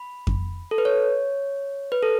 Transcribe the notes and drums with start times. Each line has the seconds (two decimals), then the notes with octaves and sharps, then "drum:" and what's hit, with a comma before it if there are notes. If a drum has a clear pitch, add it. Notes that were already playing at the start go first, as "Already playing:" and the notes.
Already playing: B5
0.27 drum: kick F2
0.71 A4
0.78 B4
0.85 C#5
1.92 B4
2.03 A4